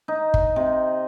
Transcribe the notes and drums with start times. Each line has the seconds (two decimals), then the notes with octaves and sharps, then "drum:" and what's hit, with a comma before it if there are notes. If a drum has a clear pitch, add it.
0.08 D#4
0.34 drum: kick G1
0.56 C3